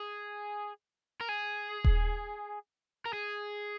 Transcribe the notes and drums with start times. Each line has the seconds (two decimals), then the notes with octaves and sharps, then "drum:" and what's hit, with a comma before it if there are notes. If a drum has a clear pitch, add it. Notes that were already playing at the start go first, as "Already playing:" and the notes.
Already playing: G#4
1.20 A#4
1.29 G#4
1.84 drum: kick D#1
3.05 A#4
3.13 G#4